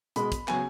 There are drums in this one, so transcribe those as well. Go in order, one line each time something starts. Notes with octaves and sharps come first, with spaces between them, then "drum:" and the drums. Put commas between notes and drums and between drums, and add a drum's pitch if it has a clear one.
B2 G#3 B3 B5, drum: hi-hat
drum: kick, hi-hat
C#3 F#3 B3 G#5, drum: clap